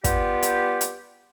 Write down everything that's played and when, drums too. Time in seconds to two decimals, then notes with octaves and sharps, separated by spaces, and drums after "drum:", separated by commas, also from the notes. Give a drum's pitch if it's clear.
0.04 G3 B3 F4 G4, drum: kick, hi-hat
0.42 drum: hi-hat
0.81 drum: hi-hat